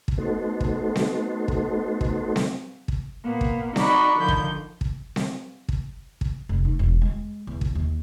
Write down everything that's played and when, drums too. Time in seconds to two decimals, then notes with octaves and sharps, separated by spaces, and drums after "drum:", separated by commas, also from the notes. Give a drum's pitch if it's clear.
0.08 drum: kick
0.18 A3 B3 D#4 F#4 A4 C5
0.60 drum: kick
0.96 drum: snare C4
1.48 drum: kick
2.01 drum: kick
2.36 drum: snare C4
2.88 drum: kick
3.23 A#2 A#3 B3
3.41 drum: kick
3.76 D#4 F#4 D5 B5 C#6, drum: snare C4
4.16 D3 D#3 F3 G6
4.28 drum: kick
4.81 drum: kick
5.16 drum: snare C4
5.69 drum: kick
6.21 drum: kick
6.49 F1
6.65 D#4
6.79 E1
7.02 G#3
7.47 E2
7.61 drum: kick
7.75 D#2